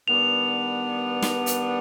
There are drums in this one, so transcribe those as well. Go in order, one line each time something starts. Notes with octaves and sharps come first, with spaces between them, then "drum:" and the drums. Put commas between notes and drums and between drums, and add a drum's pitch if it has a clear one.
D#3 G3 B3 D4 F7
drum: snare
drum: hi-hat